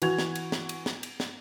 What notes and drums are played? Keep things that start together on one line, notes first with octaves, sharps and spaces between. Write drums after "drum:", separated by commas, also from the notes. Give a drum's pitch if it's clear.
E3 F#4 G#6 F7, drum: cymbal
drum: snare
drum: cymbal
drum: snare
drum: cymbal
drum: snare
drum: cymbal
drum: snare